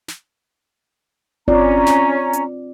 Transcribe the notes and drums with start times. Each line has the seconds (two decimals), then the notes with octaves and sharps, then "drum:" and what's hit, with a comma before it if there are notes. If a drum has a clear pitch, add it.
0.08 drum: snare
1.48 C4 C#4 F4 D5 A#5, drum: kick G1
1.86 drum: snare
2.33 drum: hi-hat